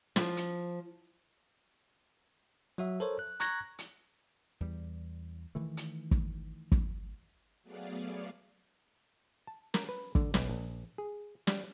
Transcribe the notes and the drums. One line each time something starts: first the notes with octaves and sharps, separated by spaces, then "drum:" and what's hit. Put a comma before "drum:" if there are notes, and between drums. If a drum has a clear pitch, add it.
F3, drum: snare
drum: hi-hat
F#3 F#4 E5
A4 A#4 C5 C#5
F#6
A#5 C#6 F#6 G#6 A#6, drum: hi-hat
drum: hi-hat
E2 G3
D#3 E3 A3
drum: hi-hat
drum: kick
drum: kick
F#3 A3 B3 G#4 D5 F5
A5
A#4, drum: snare
B4
D3, drum: kick
B1, drum: snare
A#1
G#4
G3, drum: snare